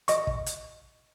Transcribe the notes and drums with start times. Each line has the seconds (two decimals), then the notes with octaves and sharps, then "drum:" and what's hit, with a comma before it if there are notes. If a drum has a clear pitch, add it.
0.08 D#5 C#6, drum: hi-hat
0.27 drum: kick
0.46 drum: hi-hat